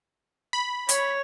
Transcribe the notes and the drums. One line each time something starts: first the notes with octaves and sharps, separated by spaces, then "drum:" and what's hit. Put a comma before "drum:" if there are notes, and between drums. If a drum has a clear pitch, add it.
B5
C#5, drum: hi-hat